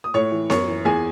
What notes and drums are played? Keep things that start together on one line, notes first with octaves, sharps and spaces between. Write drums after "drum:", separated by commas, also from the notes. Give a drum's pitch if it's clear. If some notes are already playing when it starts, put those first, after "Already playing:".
D#6
A2 C#5 C#6
E3
F#2 C#5 C#6, drum: snare B3
E3
E2 G#4 G#5